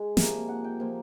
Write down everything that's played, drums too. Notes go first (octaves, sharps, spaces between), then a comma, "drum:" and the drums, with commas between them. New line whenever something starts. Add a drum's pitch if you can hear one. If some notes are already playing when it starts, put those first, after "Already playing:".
Already playing: G#3
C3 F3 A#3, drum: snare
F#5
G5
F3 A#3